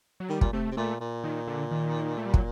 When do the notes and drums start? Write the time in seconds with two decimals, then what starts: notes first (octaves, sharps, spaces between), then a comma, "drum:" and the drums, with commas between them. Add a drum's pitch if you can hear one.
0.20 F#3
0.30 D#3 G3
0.41 A#2, drum: kick
0.53 C3 A3
0.71 C3
0.77 A#2 A3
1.00 A#2
1.24 D#3
1.47 D3
1.71 D#3
2.17 A3
2.26 G3
2.34 F#3, drum: kick